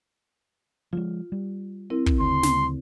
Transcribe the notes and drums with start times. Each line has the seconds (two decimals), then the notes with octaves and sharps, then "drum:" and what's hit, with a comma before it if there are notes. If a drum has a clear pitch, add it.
0.93 F3 G3 G#3 F4
1.32 G3
1.90 C4 E4 A#4
2.06 drum: kick
2.20 D2 C#3 C6
2.43 drum: snare